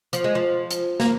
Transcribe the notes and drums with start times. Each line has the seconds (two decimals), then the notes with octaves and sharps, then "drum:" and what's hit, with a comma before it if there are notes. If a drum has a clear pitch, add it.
0.13 F3, drum: hi-hat
0.24 G#3
0.35 F3
0.71 drum: hi-hat
1.00 A#3, drum: snare